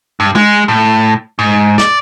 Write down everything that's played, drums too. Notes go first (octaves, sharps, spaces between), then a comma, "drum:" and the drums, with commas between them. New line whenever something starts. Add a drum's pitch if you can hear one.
G2
G#3, drum: tom G#3
A2
G#2
D5, drum: snare